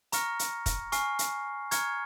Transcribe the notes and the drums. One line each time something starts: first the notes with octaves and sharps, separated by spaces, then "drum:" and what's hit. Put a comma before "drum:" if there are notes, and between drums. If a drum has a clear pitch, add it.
A#5 C#6 F6 A#6 C#7, drum: hi-hat
drum: hi-hat
drum: kick, hi-hat
G#5 C#6 F6 C7, drum: hi-hat
drum: hi-hat
A#5 C#6 F6 G#6 C#7, drum: hi-hat